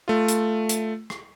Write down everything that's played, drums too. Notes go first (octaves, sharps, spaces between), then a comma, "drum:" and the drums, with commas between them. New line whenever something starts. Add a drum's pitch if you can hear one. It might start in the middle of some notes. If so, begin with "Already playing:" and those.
A3 F4
drum: hi-hat
drum: hi-hat
drum: rim click